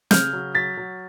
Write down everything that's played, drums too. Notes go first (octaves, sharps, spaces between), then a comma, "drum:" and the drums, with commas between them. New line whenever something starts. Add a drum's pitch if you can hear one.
C#3 F6 G6, drum: snare
F#3
F#3 A6 B6
F#3